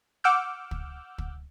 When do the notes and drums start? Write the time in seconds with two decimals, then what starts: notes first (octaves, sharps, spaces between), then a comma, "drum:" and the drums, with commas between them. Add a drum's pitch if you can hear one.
0.24 F#5 D6 E6 F6 G6
0.71 drum: kick
1.19 drum: kick